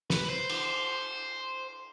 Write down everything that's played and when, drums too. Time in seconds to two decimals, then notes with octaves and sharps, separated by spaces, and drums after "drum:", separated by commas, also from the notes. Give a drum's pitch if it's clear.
0.10 B4, drum: snare
0.30 C5
0.49 drum: cymbal